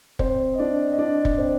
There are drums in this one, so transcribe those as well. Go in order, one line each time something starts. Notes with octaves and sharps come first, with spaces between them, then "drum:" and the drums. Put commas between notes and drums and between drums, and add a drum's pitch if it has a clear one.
C4 C5, drum: kick
D#5
D4 D5
D#5
D4 D5
drum: kick
C4 C5